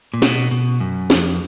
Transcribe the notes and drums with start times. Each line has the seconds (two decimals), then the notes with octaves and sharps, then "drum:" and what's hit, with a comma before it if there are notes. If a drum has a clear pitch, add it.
0.14 A#2
0.22 B2, drum: snare
0.51 B2
0.80 F#2
1.10 F2, drum: snare